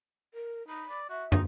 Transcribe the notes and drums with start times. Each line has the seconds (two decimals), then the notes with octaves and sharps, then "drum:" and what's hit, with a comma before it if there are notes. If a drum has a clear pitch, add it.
0.34 A#4
0.68 D#4 B5
0.90 D5
1.10 F#4 E5
1.32 D#4, drum: tom